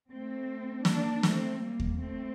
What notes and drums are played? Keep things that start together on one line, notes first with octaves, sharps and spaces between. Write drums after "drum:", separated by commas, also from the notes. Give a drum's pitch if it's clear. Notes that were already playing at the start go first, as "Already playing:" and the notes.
A3 C4
A#3 D4, drum: snare
A3 C4, drum: snare
G3 A#3
drum: kick D#2
A3 C4